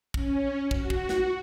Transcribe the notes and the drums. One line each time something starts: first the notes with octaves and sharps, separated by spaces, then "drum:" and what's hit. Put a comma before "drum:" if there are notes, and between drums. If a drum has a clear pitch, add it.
C#4, drum: kick
F#4, drum: kick
drum: kick
drum: snare